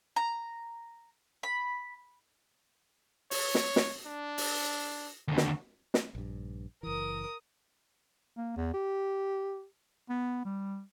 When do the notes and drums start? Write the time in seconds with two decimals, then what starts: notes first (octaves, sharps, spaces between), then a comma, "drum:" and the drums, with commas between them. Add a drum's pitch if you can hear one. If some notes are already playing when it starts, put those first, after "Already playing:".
0.16 A#5
1.43 B5
3.31 C#5, drum: open hi-hat
3.55 drum: snare
3.76 drum: snare
4.06 D4
4.38 drum: open hi-hat
5.28 D#2 D3
5.37 drum: snare
5.94 drum: snare
6.15 A#1 G2
6.83 F#1 E3 A#4 D#6
8.37 A#3
8.57 E2
8.74 G4
10.10 B3
10.45 G3